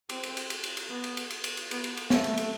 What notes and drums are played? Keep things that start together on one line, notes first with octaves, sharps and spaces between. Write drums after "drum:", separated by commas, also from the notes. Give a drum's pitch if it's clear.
C4, drum: cymbal
drum: cymbal
drum: cymbal
drum: cymbal
drum: cymbal
drum: cymbal
B3
drum: cymbal
drum: cymbal
drum: cymbal
drum: cymbal
drum: cymbal
B3, drum: cymbal
drum: cymbal
drum: cymbal
A3, drum: snare
drum: cymbal
drum: cymbal